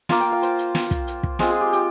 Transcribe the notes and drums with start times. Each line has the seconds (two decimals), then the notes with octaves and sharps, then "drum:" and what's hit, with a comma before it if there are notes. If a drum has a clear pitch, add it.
0.09 A#3 F4 F5, drum: snare
0.20 G5
0.32 F5
0.42 C5, drum: hi-hat
0.58 drum: hi-hat
0.75 drum: snare
0.91 drum: kick, hi-hat
1.07 drum: hi-hat
1.23 drum: kick
1.39 G#3 C4 F4 C5, drum: snare
1.50 G#4
1.61 G4
1.73 G4, drum: hi-hat